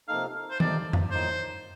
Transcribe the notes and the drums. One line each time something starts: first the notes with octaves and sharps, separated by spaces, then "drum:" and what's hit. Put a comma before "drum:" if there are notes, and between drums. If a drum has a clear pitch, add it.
C3 F3 A#3 D#4 A4 F5
C5
C3 F3 A#3 D#4 A4 D5, drum: tom D#3
drum: tom F2
A2 F3 A#3 D#4 C5